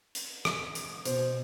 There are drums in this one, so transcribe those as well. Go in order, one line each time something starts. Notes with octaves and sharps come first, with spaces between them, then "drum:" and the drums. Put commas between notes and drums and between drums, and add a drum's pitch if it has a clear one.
drum: hi-hat
drum: rim click
drum: hi-hat
B2 C5, drum: hi-hat